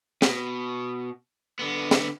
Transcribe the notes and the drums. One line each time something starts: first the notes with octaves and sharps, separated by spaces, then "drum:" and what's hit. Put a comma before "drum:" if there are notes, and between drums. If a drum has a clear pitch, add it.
B2, drum: snare
D3 B3
drum: snare